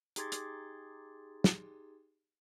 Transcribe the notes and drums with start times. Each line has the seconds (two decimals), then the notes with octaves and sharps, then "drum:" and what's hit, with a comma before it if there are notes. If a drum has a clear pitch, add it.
0.16 D#4 G4 G#4 C6 G#6 A6, drum: hi-hat
0.32 drum: hi-hat
1.44 drum: snare